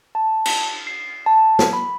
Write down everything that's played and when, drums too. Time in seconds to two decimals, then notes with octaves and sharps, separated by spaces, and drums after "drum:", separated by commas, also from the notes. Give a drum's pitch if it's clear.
0.15 A5
0.46 drum: cymbal
0.87 C7
1.26 A5
1.59 drum: snare
1.73 B5